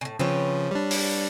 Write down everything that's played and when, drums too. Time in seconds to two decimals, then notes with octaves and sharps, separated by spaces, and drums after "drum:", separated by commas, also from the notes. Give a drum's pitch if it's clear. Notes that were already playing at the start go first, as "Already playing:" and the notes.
0.01 A2 C#3
0.19 C#3 F3 C4 B4 C#5
0.71 G3 D4
0.91 drum: open hi-hat